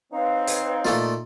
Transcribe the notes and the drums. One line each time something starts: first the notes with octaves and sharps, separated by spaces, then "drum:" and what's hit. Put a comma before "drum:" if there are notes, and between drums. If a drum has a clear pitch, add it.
C4 D#4 B4 C#5 F5
drum: hi-hat
A#2 A3 F4, drum: snare